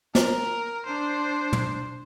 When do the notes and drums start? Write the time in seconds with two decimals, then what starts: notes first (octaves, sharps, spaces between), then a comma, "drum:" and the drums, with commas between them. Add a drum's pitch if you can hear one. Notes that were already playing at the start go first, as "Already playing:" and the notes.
0.15 A#4, drum: snare
0.86 D4 C5
1.53 drum: tom